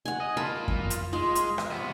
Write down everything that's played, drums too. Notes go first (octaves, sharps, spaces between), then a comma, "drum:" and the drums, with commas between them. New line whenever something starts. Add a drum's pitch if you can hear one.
F#5 G#5
D#5
F4 A#4 A5 B5
drum: kick F#2
drum: hi-hat
G#3 F4
drum: hi-hat
drum: rim click
C2 B3